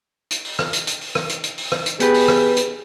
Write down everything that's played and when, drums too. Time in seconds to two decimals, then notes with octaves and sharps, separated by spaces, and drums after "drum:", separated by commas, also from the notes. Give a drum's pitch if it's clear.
0.31 drum: hi-hat
0.45 drum: open hi-hat
0.59 drum: rim click
0.73 drum: hi-hat
0.87 drum: hi-hat
1.01 drum: open hi-hat
1.15 drum: rim click
1.29 drum: hi-hat
1.44 drum: hi-hat
1.58 drum: open hi-hat
1.72 drum: rim click
1.86 drum: hi-hat
2.00 B3 G4 G#4 B4, drum: hi-hat
2.14 drum: open hi-hat
2.28 drum: rim click
2.57 drum: hi-hat